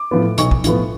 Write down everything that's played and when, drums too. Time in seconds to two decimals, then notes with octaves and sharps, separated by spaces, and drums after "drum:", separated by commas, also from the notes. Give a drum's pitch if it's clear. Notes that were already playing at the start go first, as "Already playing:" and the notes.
Already playing: D6
0.11 A2 F3 B3
0.38 B1 C#6, drum: hi-hat
0.51 drum: kick
0.64 A2 F3 B3, drum: hi-hat